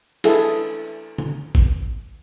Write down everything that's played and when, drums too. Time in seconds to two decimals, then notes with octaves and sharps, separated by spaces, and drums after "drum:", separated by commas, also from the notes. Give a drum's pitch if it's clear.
0.24 E4 G#4 A4 E5, drum: cymbal
1.18 drum: tom C#3
1.55 drum: kick G#1